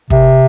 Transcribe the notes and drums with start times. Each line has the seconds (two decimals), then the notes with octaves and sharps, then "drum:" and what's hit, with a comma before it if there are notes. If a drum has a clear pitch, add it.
0.10 C3, drum: kick